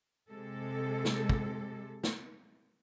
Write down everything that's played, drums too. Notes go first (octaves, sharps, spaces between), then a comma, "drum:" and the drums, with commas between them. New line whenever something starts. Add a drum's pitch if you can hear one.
C3 G#3 A4
drum: snare
drum: kick
drum: snare